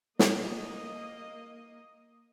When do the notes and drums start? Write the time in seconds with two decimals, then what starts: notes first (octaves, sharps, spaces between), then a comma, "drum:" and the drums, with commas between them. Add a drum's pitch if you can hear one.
0.19 A#3 D#5, drum: snare